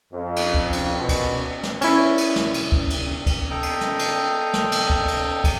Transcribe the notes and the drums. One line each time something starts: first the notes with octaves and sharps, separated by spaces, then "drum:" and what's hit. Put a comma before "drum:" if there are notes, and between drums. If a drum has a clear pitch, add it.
F2
drum: cymbal
drum: kick
drum: cymbal
B2
drum: kick, cymbal
drum: snare
C#4 E4, drum: cymbal
drum: cymbal
drum: snare
drum: cymbal
drum: kick
drum: cymbal
drum: kick, cymbal
A4 D#5 G5 A#5
drum: cymbal
drum: snare
drum: cymbal
drum: snare
drum: cymbal
drum: kick
drum: cymbal
drum: kick, cymbal